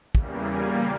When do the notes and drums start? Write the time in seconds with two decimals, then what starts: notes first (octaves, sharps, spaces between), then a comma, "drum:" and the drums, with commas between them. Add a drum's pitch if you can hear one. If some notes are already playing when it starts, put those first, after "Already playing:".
0.15 E2 C#3 E3 G3 A#3, drum: kick
0.50 A#2 G3 A#3 G#5